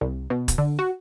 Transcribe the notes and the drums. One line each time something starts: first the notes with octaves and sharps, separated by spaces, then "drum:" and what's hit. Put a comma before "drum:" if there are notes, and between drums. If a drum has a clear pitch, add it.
C2
B2
drum: kick, hi-hat
D3
F#4